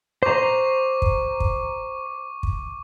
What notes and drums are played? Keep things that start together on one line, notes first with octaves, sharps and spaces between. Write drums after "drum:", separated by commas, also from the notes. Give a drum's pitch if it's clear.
C5 A#5 C#6 D6
drum: kick
drum: kick
drum: kick